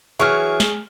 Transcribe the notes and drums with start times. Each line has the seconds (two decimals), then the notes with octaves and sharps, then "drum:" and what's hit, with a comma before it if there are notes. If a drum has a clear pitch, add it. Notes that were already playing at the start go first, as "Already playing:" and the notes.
0.20 E3 F#3 G#4 C#6 F6
0.60 drum: snare